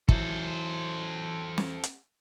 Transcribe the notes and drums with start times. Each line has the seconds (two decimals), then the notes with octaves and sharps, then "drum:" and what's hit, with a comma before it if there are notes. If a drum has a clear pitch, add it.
0.09 E3 F#3 A4 C5, drum: kick
1.58 drum: snare
1.84 drum: hi-hat